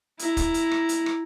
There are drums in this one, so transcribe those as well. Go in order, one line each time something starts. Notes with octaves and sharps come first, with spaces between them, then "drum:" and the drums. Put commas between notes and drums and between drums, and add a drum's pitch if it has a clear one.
E4 A#5, drum: hi-hat
drum: kick, hi-hat
drum: hi-hat
drum: rim click
drum: hi-hat
drum: rim click